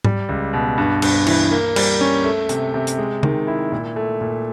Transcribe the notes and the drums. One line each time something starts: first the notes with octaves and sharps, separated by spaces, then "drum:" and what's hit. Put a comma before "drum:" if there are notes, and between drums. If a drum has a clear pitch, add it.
G3, drum: tom G#2
C#2
B2
G2
G2, drum: cymbal
E3, drum: cymbal
A#3
G3, drum: cymbal
C#4
A3
C3, drum: hi-hat
C3
drum: hi-hat
G#3
D#3, drum: tom C#3
E4
A#2
A3
A#2